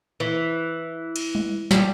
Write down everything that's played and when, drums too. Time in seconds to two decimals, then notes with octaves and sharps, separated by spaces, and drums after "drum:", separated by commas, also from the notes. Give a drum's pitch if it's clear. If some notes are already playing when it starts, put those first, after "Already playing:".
0.20 E3
1.16 drum: cymbal
1.35 drum: tom G3
1.71 G3, drum: snare